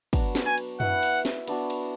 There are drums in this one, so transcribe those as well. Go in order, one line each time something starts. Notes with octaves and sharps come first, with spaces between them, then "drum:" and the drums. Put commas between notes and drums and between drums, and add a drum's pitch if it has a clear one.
F#3 B3 D4 F#4, drum: kick, cymbal
drum: snare
G#5
drum: cymbal
E4 B4 E5 F#5, drum: tom
drum: cymbal
drum: snare
B3 D4 F#4, drum: cymbal
drum: cymbal